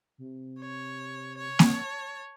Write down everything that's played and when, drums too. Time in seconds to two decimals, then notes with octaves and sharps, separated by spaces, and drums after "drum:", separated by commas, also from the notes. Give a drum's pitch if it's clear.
0.18 C3
0.61 C#5
1.38 C#5
1.59 drum: snare A#3
1.71 A5